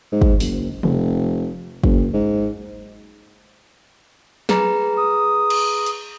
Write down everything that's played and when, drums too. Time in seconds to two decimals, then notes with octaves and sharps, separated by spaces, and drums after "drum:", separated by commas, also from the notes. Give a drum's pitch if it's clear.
0.12 G#2
0.22 drum: kick
0.40 F#1, drum: open hi-hat
0.83 F1, drum: tom C3
1.84 F#1, drum: kick
2.14 G#2
4.49 G#4 B4 A#5, drum: snare
4.98 D#6
5.50 drum: cymbal
5.86 drum: hi-hat